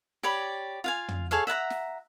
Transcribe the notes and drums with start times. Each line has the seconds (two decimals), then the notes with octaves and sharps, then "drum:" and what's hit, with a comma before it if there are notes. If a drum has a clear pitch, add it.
0.23 G4 C#5 D5 B5
0.84 F4 F5 G#5
1.08 drum: tom
1.31 G#4 A4 C#5 F5
1.47 E5 F#5 A5 A#5
1.70 drum: snare